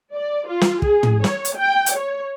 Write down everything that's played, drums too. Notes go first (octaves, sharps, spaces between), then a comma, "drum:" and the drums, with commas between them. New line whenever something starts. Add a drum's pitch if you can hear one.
D5
F4
drum: snare
G#4, drum: kick
drum: tom
C#5, drum: snare
drum: hi-hat
G5
drum: hi-hat
C#5